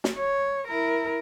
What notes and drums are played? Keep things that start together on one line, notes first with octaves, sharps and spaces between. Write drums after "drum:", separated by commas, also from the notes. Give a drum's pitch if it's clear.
drum: snare
C#5
E4 A#4